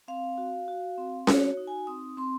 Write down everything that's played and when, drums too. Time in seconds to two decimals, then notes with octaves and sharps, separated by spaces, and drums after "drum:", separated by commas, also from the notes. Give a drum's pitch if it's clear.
0.08 C4 F5
0.38 F#4
0.68 F#4
0.98 C4
1.27 F#4 C#5, drum: snare C#4
1.57 D#4
1.67 G#5
1.87 C4 D#6
2.17 C4 C6